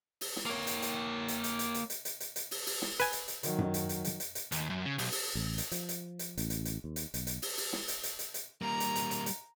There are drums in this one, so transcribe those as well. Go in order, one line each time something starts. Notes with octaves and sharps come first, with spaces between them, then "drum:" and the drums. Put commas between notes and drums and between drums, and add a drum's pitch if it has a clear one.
drum: open hi-hat
drum: snare
A#3 C#5
drum: hi-hat
drum: hi-hat
drum: hi-hat
drum: hi-hat
drum: hi-hat
drum: hi-hat
drum: hi-hat
drum: hi-hat
drum: hi-hat
drum: hi-hat
drum: open hi-hat
drum: open hi-hat
drum: snare
B4 G#5, drum: hi-hat
drum: hi-hat
drum: hi-hat
D#3 F#3, drum: hi-hat
drum: tom F#2
drum: hi-hat
drum: hi-hat
drum: hi-hat
drum: hi-hat
drum: hi-hat
D#2, drum: hi-hat
F#2
C#3
B1, drum: open hi-hat
drum: open hi-hat
A1
drum: hi-hat
F3, drum: hi-hat
drum: hi-hat
drum: hi-hat
A1, drum: hi-hat
drum: hi-hat
drum: hi-hat
D#2
drum: hi-hat
B1, drum: hi-hat
drum: hi-hat
drum: open hi-hat
drum: open hi-hat
drum: snare
drum: hi-hat
drum: hi-hat
drum: hi-hat
drum: hi-hat
G3 A#3 A#5
drum: hi-hat
drum: hi-hat
drum: hi-hat
drum: hi-hat